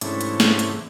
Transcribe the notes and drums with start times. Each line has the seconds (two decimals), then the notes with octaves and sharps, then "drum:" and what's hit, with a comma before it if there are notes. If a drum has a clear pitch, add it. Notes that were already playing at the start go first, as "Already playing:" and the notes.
0.01 G#2 C3 E3 A3 C#4 D4, drum: hi-hat
0.21 drum: hi-hat
0.40 drum: snare
0.59 drum: hi-hat